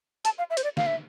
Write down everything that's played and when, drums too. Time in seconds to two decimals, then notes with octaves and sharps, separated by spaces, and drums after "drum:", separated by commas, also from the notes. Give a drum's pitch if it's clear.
0.25 A5, drum: hi-hat
0.38 F5
0.50 E5
0.57 C5, drum: hi-hat
0.64 D5
0.77 F5, drum: snare
0.86 E5